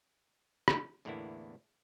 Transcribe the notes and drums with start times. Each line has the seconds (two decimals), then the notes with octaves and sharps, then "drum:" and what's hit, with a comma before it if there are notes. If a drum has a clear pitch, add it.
0.68 drum: rim click
1.05 E2 A2 D3 A#3 B3 E4